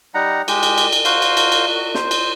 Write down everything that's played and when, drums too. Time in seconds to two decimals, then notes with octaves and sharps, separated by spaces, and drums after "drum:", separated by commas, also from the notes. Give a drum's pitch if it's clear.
0.15 G3 D#4 F#5 A#5
0.48 G#3 G4, drum: cymbal
0.63 drum: cymbal
0.78 drum: cymbal
0.92 drum: cymbal
1.05 F#4 C5 F5, drum: cymbal
1.22 drum: cymbal
1.37 drum: cymbal
1.52 drum: cymbal
1.75 F#4
1.95 C5, drum: snare
2.11 drum: cymbal